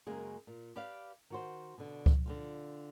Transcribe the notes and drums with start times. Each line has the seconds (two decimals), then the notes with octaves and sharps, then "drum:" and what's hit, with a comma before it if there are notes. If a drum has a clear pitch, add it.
0.07 F#2 C#3 G#3 A#3 C4 G#4
0.47 A#2
0.76 G4 B4 D5 F5
1.30 D#3 F#4 C5
1.78 B2 D3
2.06 drum: kick C#2
2.26 D3 C4 F4